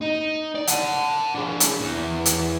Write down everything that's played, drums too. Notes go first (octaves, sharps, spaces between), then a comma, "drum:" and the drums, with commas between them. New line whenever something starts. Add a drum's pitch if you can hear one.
D#4
D5
F#5 A5, drum: hi-hat
D4 G#4
drum: hi-hat
E2
drum: hi-hat